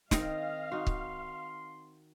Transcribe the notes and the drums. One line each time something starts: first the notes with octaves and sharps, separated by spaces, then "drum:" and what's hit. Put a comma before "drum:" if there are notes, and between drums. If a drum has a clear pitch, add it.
D#3 C4 D#5 F5, drum: snare
D#4 F#4 C6
drum: kick C#1